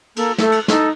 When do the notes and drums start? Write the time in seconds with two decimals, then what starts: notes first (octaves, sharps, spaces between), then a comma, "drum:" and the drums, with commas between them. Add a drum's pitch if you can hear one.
0.16 A#3 A4, drum: cymbal
0.38 A3 A4, drum: snare
0.52 drum: cymbal
0.68 D#4 A4, drum: snare